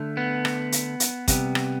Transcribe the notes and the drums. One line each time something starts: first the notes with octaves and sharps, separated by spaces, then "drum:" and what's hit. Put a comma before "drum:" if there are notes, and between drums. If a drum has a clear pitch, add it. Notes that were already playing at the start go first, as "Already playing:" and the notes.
Already playing: D3 A3
B3
drum: rim click
drum: hi-hat
drum: hi-hat
C3 G3 B3, drum: kick, hi-hat
drum: rim click